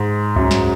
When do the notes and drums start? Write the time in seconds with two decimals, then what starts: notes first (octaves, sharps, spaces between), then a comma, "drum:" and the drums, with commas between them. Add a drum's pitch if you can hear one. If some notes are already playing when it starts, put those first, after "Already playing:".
Already playing: G#2
0.36 F#2, drum: kick C2
0.51 drum: snare